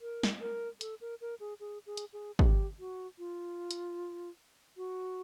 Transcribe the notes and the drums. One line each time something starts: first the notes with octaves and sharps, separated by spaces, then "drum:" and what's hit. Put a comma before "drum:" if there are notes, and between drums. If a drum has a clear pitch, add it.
A#4
drum: snare
A#4
A4, drum: hi-hat
A#4
A#4
G#4
G#4
G#4
drum: hi-hat
G#4
G4, drum: kick
F#4
F4
drum: hi-hat
F#4